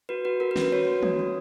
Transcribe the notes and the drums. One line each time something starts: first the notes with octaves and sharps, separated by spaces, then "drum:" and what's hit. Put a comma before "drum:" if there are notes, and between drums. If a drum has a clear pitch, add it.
F#4 B4
F#4 B4
F#4 A#4
B4
C#4, drum: snare
B4
F#4 C#5
F#4
A#3, drum: tom
A#3